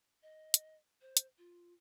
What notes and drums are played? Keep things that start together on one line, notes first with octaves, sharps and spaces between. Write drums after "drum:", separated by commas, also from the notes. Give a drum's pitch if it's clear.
D#5
drum: hi-hat
C5
drum: hi-hat
F4